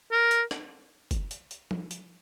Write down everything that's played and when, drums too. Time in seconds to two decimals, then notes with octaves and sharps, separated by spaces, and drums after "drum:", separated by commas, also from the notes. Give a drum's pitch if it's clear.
0.12 A#4
0.31 drum: hi-hat
0.51 drum: rim click
1.11 drum: kick F#1, hi-hat
1.31 drum: hi-hat
1.51 drum: hi-hat
1.71 drum: tom F3
1.91 drum: hi-hat